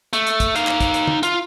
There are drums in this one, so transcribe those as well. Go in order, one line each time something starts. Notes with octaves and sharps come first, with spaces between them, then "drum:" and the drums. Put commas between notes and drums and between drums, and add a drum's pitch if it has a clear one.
A3, drum: hi-hat
drum: hi-hat
drum: kick, hi-hat
D#4 F5, drum: hi-hat
drum: clap
drum: kick, hi-hat
drum: hi-hat
drum: tom
F4, drum: hi-hat